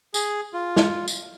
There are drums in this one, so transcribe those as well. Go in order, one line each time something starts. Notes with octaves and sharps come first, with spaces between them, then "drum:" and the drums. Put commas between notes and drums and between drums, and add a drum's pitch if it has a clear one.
G#4, drum: tambourine
F4
drum: snare
drum: tambourine